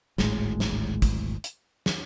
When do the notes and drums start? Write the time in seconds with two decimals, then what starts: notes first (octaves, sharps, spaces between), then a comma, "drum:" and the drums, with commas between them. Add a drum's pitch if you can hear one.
0.18 D1 G#1 A2 G#3, drum: snare
0.60 drum: snare
1.02 drum: kick, hi-hat
1.44 drum: hi-hat
1.86 drum: snare